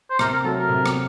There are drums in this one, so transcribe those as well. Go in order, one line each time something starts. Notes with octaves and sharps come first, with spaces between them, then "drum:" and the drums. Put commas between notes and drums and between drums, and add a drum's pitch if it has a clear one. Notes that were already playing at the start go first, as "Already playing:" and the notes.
C5
C3 A#4, drum: rim click
A#4
F#3 A3 A4
A#4
C3
drum: rim click